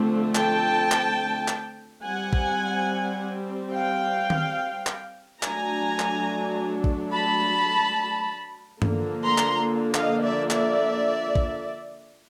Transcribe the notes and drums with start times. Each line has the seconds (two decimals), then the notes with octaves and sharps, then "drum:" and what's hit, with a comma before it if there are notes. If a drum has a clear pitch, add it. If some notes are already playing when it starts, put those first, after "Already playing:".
Already playing: D3 F3 A3 C4
0.35 G5 A5, drum: clap
0.92 drum: clap
1.48 drum: clap
2.04 G3 C4 F#5 G#5
2.33 drum: kick
3.73 F5 G5
4.30 drum: tom D#3
4.87 drum: clap
5.43 F#3 A3 D4 G#5 A#5, drum: clap
5.99 drum: clap
6.84 drum: kick
7.12 A5 B5
8.82 D3 F3 A#3, drum: tom G2
9.24 A#5 C6
9.38 drum: clap
9.94 D#5 F5, drum: clap
10.22 D5 E5
10.50 D5 E5, drum: clap
11.35 drum: kick